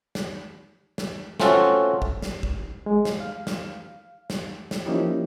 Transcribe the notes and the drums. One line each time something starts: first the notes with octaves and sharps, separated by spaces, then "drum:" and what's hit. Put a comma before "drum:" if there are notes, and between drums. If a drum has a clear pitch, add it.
drum: snare
drum: snare
A3 C4 C#4 F4 F#4 A4, drum: snare
drum: kick G#1
drum: snare
drum: kick G#1
G#3
drum: snare
F5
drum: snare
drum: snare
drum: snare
F3 A#3 C#4 D#4 E4 G4